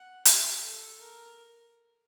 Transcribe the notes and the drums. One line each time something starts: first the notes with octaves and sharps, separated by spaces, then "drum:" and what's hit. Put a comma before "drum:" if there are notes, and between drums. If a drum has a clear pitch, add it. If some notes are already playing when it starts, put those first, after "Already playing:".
Already playing: F#5
G4, drum: hi-hat
A4
A#4